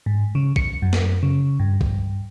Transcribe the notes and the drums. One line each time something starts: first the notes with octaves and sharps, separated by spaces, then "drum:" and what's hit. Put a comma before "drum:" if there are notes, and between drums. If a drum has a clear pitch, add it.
G#2
C#3
C#7, drum: kick
F#2
drum: snare
C#3
G2
drum: kick